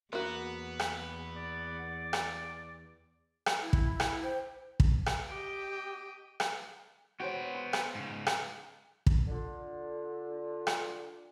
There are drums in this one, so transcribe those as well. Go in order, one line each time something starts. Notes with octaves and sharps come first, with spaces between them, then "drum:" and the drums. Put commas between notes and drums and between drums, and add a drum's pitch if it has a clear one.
E2 A#3 B3 F#4
drum: rim click
D5
drum: rim click
drum: rim click
E4
drum: kick
drum: rim click
C5 G5
drum: kick
drum: rim click
G4 D#5 G5
drum: rim click
B3 F#4 C5 C#5 G5
C6
drum: rim click
G#2 C#3
drum: rim click
drum: kick
D3 F4
drum: rim click